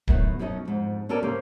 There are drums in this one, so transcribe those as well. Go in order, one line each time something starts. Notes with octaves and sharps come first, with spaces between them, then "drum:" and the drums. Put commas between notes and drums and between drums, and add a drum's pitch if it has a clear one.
F#2 A2 D#3 B3 F#5, drum: kick D1
F#2 B2 C#4 D#4 D#5
F2 G#2
C#4 F#4 A4 A#4 D5
C#3 A#3 C#4 G4 A#4 C5